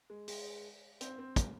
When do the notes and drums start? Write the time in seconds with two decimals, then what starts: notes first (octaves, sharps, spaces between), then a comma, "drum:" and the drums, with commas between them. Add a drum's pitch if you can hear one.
0.10 G#3
0.28 G#3, drum: open hi-hat
1.01 C4, drum: hi-hat
1.19 C4
1.36 A#3, drum: kick, hi-hat